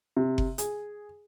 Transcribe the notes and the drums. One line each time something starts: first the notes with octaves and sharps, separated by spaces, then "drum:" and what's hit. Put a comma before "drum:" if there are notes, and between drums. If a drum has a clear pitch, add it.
C3
drum: kick F#1
G#4, drum: hi-hat